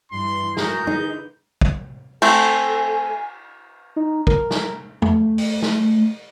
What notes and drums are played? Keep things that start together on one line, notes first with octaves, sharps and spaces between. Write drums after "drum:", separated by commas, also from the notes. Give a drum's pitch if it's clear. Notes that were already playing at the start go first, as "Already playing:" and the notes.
G2 E3 C6
A2 F#4 G#4 A#4 G6, drum: snare
D3 E3 D#4
drum: kick
A3 C4 A4 G#5, drum: cymbal
D#4
A#4, drum: kick
drum: snare
A3, drum: tom E2
drum: open hi-hat
drum: snare